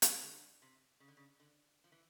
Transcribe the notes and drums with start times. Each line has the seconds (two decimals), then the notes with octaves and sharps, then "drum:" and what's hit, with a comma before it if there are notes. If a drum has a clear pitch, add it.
0.02 drum: hi-hat
0.22 D3
0.62 C3
1.00 C#3
1.08 D3
1.17 C#3
1.40 D3
1.84 F3
1.92 E3